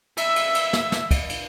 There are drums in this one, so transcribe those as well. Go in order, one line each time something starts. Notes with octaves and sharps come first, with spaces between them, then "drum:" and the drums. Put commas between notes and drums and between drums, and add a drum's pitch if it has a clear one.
E5 E6, drum: cymbal
drum: cymbal
drum: cymbal
drum: snare
drum: snare
drum: kick, cymbal
drum: cymbal